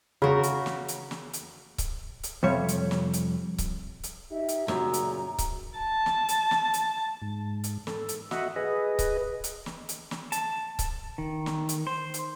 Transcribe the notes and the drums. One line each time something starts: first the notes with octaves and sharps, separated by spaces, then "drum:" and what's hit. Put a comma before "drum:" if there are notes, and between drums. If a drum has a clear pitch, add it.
C#3 F#4 A#4
drum: hi-hat
drum: snare
drum: hi-hat
drum: snare
drum: hi-hat
drum: kick C#1, hi-hat
drum: hi-hat
F2 C3 G3 C#5
drum: hi-hat
drum: snare
drum: hi-hat
drum: kick C#1, hi-hat
drum: hi-hat
D#4 G4 E5
drum: hi-hat
F#2 A#2 C#3 A#5, drum: snare
drum: hi-hat
drum: kick C#1, hi-hat
A5
drum: snare
drum: hi-hat
drum: snare
drum: hi-hat
G#2
drum: hi-hat
A4, drum: snare
drum: hi-hat
F#4 D#5 E5 F#5, drum: snare
G#4 B4 D#5
drum: kick C#1, hi-hat
drum: hi-hat
drum: snare
drum: hi-hat
drum: snare
A5, drum: hi-hat
drum: kick C#1, hi-hat
D#3
drum: snare
drum: hi-hat
C5
drum: hi-hat